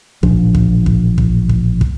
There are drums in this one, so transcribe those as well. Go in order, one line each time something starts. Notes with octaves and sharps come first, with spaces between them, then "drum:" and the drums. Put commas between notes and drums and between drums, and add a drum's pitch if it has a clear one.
A1 A#2 F3 D4, drum: kick
drum: kick
drum: kick
drum: kick
drum: kick
drum: kick